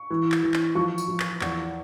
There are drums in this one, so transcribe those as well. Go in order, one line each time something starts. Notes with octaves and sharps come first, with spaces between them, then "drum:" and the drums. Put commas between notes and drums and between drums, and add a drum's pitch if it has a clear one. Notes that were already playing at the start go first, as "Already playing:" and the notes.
Already playing: C#6
E3
drum: clap
E3
drum: clap
F3 C#6
drum: tambourine
F3
drum: clap
E2, drum: clap